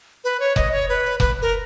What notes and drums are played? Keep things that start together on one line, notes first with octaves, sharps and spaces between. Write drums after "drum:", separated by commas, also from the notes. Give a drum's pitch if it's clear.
B4
C#5
D#5, drum: kick F1
C#5
B4
B4, drum: kick F1
A#4